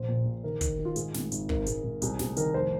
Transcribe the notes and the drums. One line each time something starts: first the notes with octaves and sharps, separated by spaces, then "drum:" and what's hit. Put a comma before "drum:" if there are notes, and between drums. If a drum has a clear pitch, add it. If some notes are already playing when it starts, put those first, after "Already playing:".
Already playing: A#1 C5
A#2
A#1
D#3 A#4
D#3, drum: kick, hi-hat
D#3
F4
G#2 G#4, drum: hi-hat
G#1, drum: snare
G#1, drum: hi-hat
G#1 A#4, drum: kick
G#1 G#4, drum: hi-hat
G#1
C2 G#4, drum: hi-hat
C2 G#4, drum: snare
D#3 A#4, drum: hi-hat
F1 C5